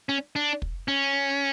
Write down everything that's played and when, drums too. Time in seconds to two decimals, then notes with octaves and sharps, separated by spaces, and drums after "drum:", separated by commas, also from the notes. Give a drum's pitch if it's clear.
0.09 C#4
0.36 D4
0.62 drum: kick
0.88 C#4